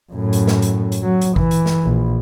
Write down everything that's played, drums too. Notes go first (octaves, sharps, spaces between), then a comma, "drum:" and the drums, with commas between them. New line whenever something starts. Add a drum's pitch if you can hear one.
F#2 A2
drum: hi-hat
drum: snare
drum: hi-hat
drum: hi-hat
F#3
drum: hi-hat
E3, drum: kick G#1
drum: hi-hat
drum: snare
A#1